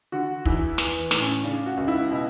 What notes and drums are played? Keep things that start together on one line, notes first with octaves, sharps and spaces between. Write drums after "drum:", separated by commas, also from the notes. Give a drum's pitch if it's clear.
D3 F#4
E2 E4, drum: kick
E3, drum: snare
A2, drum: snare
C#4
C#3 D4
F#4
C#2 F#4
E4
B2